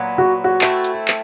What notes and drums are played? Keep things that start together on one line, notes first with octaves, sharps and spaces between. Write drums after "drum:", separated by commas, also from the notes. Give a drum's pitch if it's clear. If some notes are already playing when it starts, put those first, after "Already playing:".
Already playing: A#2 F#3 B3
F#4
F#4
A3 C4 E4 A4, drum: clap
drum: hi-hat
drum: clap